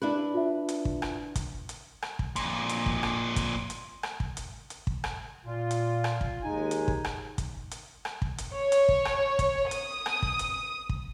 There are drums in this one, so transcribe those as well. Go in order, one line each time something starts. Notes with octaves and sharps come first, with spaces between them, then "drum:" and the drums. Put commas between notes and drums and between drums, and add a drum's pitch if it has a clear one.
D4 E4 B4
F4 E5
drum: hi-hat
drum: kick
drum: rim click
drum: kick, hi-hat
drum: hi-hat
drum: rim click
drum: kick
F2 A#2, drum: hi-hat
drum: hi-hat
drum: kick
drum: rim click
drum: kick, hi-hat
drum: hi-hat
drum: rim click
drum: kick
drum: hi-hat
drum: hi-hat
drum: kick
drum: rim click
A#2 F4
drum: hi-hat
drum: rim click
drum: kick
D#2 G#3 D#4 G#5
drum: hi-hat
drum: kick
drum: rim click
drum: kick, hi-hat
drum: hi-hat
drum: rim click
drum: kick
drum: hi-hat
C#5
drum: hi-hat
drum: kick
drum: rim click
drum: kick, hi-hat
D#6, drum: hi-hat
drum: rim click
drum: kick
drum: hi-hat
drum: kick